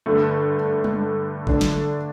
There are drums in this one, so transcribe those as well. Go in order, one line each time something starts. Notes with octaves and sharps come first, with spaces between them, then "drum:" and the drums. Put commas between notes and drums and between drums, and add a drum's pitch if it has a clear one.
G2 D3 A3
drum: tom G3
D3 A3 D4, drum: kick G#1
drum: snare